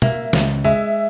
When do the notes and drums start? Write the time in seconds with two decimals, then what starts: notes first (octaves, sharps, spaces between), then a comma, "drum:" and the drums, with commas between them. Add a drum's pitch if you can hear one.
0.02 A#3 E5, drum: tom B2
0.33 C#2, drum: snare
0.64 G#3 E5